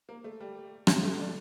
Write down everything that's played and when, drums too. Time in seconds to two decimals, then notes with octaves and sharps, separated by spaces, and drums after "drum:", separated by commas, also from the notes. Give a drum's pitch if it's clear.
0.09 A#3
0.24 A3
0.40 G3
0.87 drum: rim click
1.03 A3
1.19 D4